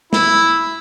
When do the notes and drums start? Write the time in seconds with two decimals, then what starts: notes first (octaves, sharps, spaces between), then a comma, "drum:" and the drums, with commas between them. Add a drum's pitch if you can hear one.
0.13 E4, drum: snare